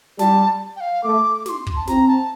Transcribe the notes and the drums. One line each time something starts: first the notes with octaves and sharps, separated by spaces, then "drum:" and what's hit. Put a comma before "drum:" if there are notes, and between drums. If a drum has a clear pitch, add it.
G3 A5, drum: snare
G5
F5
A3 D6
D6, drum: snare
C6
drum: kick
A5
C4 A#5, drum: snare
A5